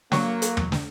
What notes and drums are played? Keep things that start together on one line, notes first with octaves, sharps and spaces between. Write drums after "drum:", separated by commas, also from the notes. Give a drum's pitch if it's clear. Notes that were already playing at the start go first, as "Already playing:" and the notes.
F#3 A#3 C#6, drum: snare
drum: hi-hat
drum: tom
drum: snare